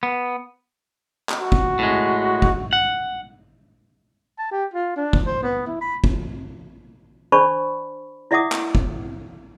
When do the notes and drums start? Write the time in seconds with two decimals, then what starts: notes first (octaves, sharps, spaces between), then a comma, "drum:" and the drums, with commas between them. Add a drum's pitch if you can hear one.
0.03 B3
1.29 drum: clap
1.39 F#4
1.52 drum: kick
1.79 A2 G#3
2.42 drum: kick
2.73 F#5
4.39 A5
4.51 G4
4.74 F4
4.96 D4
5.13 drum: kick
5.27 C5
5.43 B3
5.67 E4
5.81 B5
6.04 drum: kick
7.32 D4 C5 D5 A5 B5 C#6
8.31 E4 D5 E5 F#5 D6 D#6
8.52 drum: clap
8.75 drum: kick